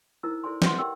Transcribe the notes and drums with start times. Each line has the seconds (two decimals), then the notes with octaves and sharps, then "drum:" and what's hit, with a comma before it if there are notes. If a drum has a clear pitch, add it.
0.23 D#4 E4 A#4 C5 E6
0.43 E4 A4 C5 D5 G#5 C6
0.62 B4 C5 D#5 E5 F#5 C6, drum: snare
0.79 G4 A#4 C#5 G5 E6